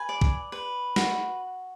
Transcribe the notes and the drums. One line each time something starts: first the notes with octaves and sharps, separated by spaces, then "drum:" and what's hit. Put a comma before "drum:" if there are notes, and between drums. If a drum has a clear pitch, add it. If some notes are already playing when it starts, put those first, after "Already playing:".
Already playing: B4 G#5
D5
drum: kick
B4
F#4, drum: snare